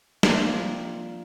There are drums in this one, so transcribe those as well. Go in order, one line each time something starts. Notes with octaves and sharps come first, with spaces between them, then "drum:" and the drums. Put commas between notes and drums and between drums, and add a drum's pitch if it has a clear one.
F3 A#3 C4 D4 F4, drum: snare